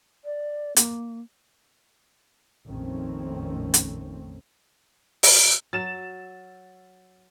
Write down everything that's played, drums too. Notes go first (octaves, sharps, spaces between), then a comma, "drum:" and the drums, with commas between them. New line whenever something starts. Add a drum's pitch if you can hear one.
D5
A#3, drum: hi-hat
A#1 F2 D#3 A3 C4 C#4
drum: hi-hat
drum: open hi-hat
F#3 A6 E7